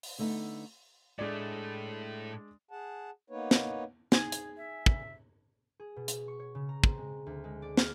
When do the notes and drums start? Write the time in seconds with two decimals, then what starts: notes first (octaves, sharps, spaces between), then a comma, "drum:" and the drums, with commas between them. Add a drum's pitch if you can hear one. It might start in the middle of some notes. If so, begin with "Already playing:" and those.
0.03 drum: open hi-hat
0.19 D3 A3 B3 D#4
1.19 A2 G#3 A3 D4 D5
2.71 G#4 F#5 A5
3.30 A#3 B3 D#4 B4 C#5
3.51 drum: snare
4.12 D#4 G#4, drum: snare
4.32 drum: hi-hat
4.57 E5
4.86 drum: kick
5.80 G#4
5.96 B2
6.08 drum: hi-hat
6.28 C#6
6.39 C#5
6.55 C#3
6.69 A#5
6.84 C4, drum: kick
6.98 G#3
7.26 D2
7.44 G#3
7.62 D5
7.77 F6, drum: snare